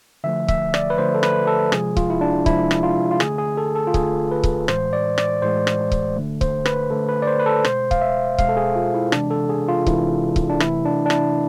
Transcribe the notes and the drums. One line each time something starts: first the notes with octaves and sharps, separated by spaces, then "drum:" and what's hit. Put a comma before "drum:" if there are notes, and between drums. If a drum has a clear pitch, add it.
D3 F3 A3 E5
E5, drum: kick C#1
D5, drum: rim click
B4
D3 F3 A3 C5
A4
B4, drum: rim click
A4
C3 F3 G#3 G#4, drum: rim click
F4, drum: kick C#1
E4
D4
C3 F3 G#3 E4, drum: kick C#1
drum: rim click
F4
F4
D3 A3 G#4, drum: rim click
G#4
A4
A4
F4
D3 A3 G#4, drum: kick C#1
B4
drum: kick C#1
A2 E3 G#3 C5, drum: rim click
D5
D5, drum: rim click
A2 E3 G#3 C5
drum: rim click
drum: kick C#1
D3 A3
C5, drum: kick C#1
B4, drum: rim click
D3 A3 A4
B4
D5
C5
B4
A4
B2 G#3 C5, drum: rim click
F5, drum: kick C#1
E5
B2 G#3 F5, drum: kick C#1
A4
G#4
F4
E4
C3 E3 G#3 D4, drum: rim click
A4
G#4
F4
C3 E3 G#3 E4, drum: kick C#1
drum: kick C#1
D4
C3 E3 A3 E4, drum: rim click
D4
D4
E4, drum: rim click